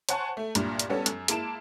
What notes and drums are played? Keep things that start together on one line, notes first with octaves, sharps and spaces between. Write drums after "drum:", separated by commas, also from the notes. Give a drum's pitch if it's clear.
C5 C#5 F#5 G#5 A5 C#6, drum: hi-hat
A3
C2 G2 A#2, drum: hi-hat
drum: hi-hat
G3 B3 C#4 A4 C#5
F#2, drum: hi-hat
G#3 A#3 E4 A5 D7 E7, drum: hi-hat